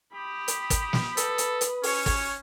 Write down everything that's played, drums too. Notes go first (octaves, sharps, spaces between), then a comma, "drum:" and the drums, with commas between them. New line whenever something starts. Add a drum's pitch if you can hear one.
G4 B5 D#6
drum: hi-hat
drum: kick, hi-hat
drum: snare
A4 B4, drum: hi-hat
drum: hi-hat
drum: hi-hat
C#4 C#5, drum: open hi-hat
drum: kick, open hi-hat